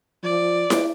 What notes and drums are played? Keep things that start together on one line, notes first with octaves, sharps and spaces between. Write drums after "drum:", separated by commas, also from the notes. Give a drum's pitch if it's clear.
F3 D5
drum: snare E4